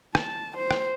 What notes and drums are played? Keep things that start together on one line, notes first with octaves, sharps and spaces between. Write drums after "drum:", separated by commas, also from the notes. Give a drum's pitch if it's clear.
A5, drum: rim click
C5
drum: rim click